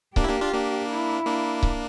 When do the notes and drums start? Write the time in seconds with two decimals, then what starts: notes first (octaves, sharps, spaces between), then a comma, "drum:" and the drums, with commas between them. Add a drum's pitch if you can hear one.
0.16 A#3 D4 G4, drum: kick C#1
0.24 E4
0.29 A#3 D4
0.41 D4 F4
0.53 A#3 D4
0.90 E4
1.25 A#3 D4
1.63 drum: kick C#1